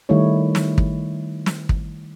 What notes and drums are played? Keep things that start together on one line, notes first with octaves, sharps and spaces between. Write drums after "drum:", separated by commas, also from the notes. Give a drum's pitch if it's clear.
D#3 G3 A3 D#4 E4 C#5
drum: snare
drum: kick
drum: snare
drum: kick